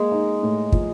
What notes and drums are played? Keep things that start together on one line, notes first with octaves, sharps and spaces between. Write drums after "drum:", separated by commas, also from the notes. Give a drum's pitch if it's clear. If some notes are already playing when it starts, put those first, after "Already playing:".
Already playing: G#3 A#3
D#4
A2
F3, drum: kick